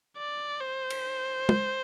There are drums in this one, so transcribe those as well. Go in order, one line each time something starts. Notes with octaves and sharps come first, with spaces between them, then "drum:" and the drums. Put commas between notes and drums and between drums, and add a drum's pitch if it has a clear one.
D5
C5
drum: cymbal
drum: tom